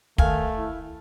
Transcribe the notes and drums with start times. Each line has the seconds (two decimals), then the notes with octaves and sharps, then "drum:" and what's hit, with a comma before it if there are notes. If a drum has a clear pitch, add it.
0.18 D#3 A3 F5 G#5, drum: kick
0.54 E4